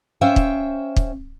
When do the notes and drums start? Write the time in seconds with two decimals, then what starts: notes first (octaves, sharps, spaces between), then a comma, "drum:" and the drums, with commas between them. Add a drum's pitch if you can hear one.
0.21 C#4 C5 E5 F5 G5
0.36 drum: kick
0.96 drum: kick